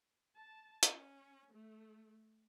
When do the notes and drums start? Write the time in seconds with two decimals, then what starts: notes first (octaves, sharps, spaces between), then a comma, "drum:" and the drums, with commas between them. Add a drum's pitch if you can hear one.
0.34 A5
0.83 drum: hi-hat
0.94 C#4
1.52 A3